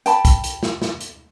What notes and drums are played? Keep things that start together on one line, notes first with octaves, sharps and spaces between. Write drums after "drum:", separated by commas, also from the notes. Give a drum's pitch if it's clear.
G5 A5 B5, drum: hi-hat
drum: kick, hi-hat
drum: hi-hat
drum: snare
drum: snare
drum: hi-hat